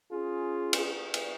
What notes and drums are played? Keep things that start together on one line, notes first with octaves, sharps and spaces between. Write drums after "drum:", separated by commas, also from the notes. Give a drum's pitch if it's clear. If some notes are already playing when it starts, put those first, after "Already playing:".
C#4 F4 G#4
drum: cymbal
drum: cymbal